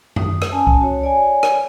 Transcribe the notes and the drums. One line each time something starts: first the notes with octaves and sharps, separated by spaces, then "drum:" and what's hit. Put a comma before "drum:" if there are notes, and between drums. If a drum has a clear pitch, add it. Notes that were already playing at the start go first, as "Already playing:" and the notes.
D#6, drum: tom F#2
drum: rim click
C#4 G#5 A5
drum: kick C2
F#4 C#5
C#5 D5 G#5
drum: rim click